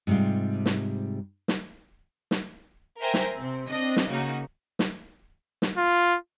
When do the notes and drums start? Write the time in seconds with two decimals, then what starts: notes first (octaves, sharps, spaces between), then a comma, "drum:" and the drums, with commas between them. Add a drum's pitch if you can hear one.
0.07 G#2 C3 G3 G#3 F4
0.66 drum: snare
1.48 drum: snare
2.31 drum: snare
3.00 A#4 C5 E5 G5 G#5 A#5
3.14 drum: snare
3.37 C3 C4
3.69 C4 D4 D#5
3.96 drum: snare
4.08 C#3 A#3 D#4 F#4
4.79 drum: snare
5.62 drum: snare
5.77 F4